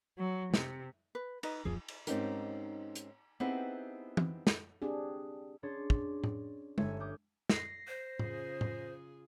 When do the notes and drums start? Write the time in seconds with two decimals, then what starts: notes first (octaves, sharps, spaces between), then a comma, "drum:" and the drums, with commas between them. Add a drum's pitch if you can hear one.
0.19 F#3
0.54 C3, drum: snare
1.15 B4
1.43 D#4 B4 D#5, drum: cymbal
1.65 D1 F2 F3 G#4
1.88 drum: cymbal
2.07 G#2 C4 C#4 D#4 G4 A#4, drum: hi-hat
2.95 drum: hi-hat
3.40 B3 C4 D#4 E4 G4 G#4
4.17 drum: tom
4.47 drum: snare
4.82 C4 D4 G4 G#4
5.63 C#4 D4 G#4 C#5 C6 A6
5.90 drum: kick
6.24 drum: tom A2
6.78 G1 A3 C#5 E5 G#5, drum: tom G#3
7.00 G#5 D6 D#6 F6 G6
7.50 A#6 C7, drum: snare
7.88 C5
8.19 C#3 F4 G#4, drum: tom A2
8.61 drum: tom A2